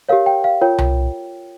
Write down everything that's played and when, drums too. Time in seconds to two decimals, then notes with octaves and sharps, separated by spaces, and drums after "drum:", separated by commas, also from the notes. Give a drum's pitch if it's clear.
0.09 G4 A#4 C#5 F5
0.26 G5
0.44 F5
0.61 F4 A#4 C#5 G5
0.78 drum: tom C2